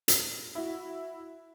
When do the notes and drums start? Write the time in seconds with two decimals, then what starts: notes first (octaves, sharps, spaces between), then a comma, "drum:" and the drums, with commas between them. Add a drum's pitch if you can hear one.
0.08 drum: hi-hat
0.55 E4 F#4